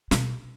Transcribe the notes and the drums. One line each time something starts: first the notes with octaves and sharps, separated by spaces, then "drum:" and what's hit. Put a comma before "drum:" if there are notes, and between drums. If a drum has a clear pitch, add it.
B2, drum: snare